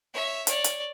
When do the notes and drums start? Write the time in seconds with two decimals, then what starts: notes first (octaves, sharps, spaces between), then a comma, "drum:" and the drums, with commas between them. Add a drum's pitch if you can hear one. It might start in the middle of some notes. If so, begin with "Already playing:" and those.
0.14 C#5 E5
0.47 C#5 D5, drum: hi-hat
0.64 drum: hi-hat